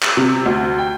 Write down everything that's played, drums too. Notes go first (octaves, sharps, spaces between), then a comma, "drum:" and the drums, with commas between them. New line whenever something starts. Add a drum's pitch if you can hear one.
drum: clap
C3
D2
G5